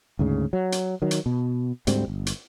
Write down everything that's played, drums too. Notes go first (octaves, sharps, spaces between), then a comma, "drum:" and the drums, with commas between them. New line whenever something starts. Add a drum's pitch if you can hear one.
D2 G#2 C#3
F#3
drum: hi-hat
D#3 F#3
drum: hi-hat
B2
D2 G#2 G3 C4, drum: hi-hat
G1
drum: hi-hat